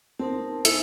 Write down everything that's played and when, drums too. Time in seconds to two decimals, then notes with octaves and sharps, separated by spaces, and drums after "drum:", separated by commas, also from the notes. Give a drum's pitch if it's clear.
0.19 C4 D#4 A#4 A5
0.65 D#4 E4 A4 G#5, drum: hi-hat